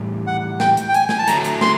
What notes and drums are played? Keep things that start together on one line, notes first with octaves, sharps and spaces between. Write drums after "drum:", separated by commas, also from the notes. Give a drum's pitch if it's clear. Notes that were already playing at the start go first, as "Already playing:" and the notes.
Already playing: A2 E3 G3
F#5
G5, drum: snare
drum: hi-hat
G5
G#5, drum: hi-hat
G#5, drum: snare
A5
D3 F#3 A3 A#5, drum: hi-hat
drum: hi-hat
C6, drum: snare